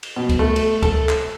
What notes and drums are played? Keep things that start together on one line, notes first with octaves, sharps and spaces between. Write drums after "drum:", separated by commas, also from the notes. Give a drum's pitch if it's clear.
drum: cymbal
B2
drum: kick C#2, cymbal
A3
drum: cymbal
A4, drum: kick C#2, cymbal
drum: clap